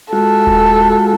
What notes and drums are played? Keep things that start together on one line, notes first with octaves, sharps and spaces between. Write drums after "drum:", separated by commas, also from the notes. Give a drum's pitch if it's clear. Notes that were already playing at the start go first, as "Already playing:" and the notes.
G#3 F4 F#4 A4
drum: kick D#1